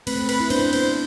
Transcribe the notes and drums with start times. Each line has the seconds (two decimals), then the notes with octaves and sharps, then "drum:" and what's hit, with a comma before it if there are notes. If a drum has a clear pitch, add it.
0.07 A3 C4 B4, drum: cymbal
0.29 B4, drum: cymbal
0.40 E4
0.50 B3 D4 C5, drum: cymbal
0.73 C5, drum: cymbal